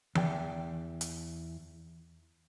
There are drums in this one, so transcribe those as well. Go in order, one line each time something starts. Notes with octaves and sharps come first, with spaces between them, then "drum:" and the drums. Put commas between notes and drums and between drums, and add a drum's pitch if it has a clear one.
E2 G5, drum: tom E3
drum: hi-hat